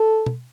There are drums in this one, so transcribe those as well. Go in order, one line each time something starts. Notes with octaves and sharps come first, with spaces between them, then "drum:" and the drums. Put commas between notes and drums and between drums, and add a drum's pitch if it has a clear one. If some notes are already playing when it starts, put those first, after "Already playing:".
Already playing: A4
drum: tom